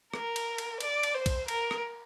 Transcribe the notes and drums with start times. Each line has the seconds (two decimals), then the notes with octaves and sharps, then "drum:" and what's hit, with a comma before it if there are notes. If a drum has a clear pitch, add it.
0.14 A#4, drum: rim click
0.36 drum: cymbal
0.58 drum: cymbal
0.81 D5, drum: cymbal
1.03 drum: cymbal
1.14 C5
1.26 drum: kick, cymbal
1.48 A#4, drum: cymbal
1.71 drum: rim click